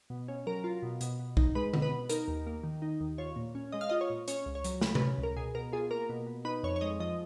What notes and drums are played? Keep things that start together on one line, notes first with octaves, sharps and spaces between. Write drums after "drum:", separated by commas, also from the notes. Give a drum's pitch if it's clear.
B2
C#4
F#3 A#4
F4
B2
B2, drum: hi-hat
B2
D#4, drum: kick
G#3 B4
B2, drum: tom D3
B4
B2
D#4 A#4, drum: hi-hat
D#2
A#3
D#3
D#4
D#2
F4 C#5
A#2
C#4
G#3 D#5
F5
F4 D#5
C#5
A#2
C#4 C#5, drum: hi-hat
C#2
C#5
F#3, drum: hi-hat
C#3 B4, drum: snare
B4, drum: tom C3
C#4
C#2
A#4
B2 G#4
B2 A#4
F4 G#4
A#3 A#4
B2
B2
D#4 B4
F2 C#5
C#5
G#3 D#5
F3 D#5